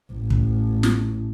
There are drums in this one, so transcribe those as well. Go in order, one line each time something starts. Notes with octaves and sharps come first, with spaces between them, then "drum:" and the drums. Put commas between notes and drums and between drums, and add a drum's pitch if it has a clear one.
A1
drum: kick
drum: snare